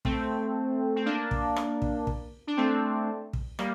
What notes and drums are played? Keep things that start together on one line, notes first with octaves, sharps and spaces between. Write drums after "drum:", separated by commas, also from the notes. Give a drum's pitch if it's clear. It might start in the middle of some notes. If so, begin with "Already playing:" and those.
A3 C4, drum: kick
C4
A#3 D4
drum: kick
drum: rim click
drum: kick
drum: kick
D4
A3 C4
drum: kick
G3 A#3, drum: rim click